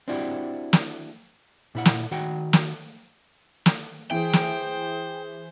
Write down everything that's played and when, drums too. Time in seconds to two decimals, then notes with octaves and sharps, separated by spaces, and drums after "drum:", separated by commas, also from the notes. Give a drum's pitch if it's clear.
0.08 C4 D4 E4 F#4 G4
0.73 drum: snare
1.75 A#2 E4 F#5
1.85 drum: snare
2.11 D#3 F#4 F#5 G5
2.53 drum: snare
3.66 drum: snare
4.11 E3 G#4 C5 G5
4.33 drum: snare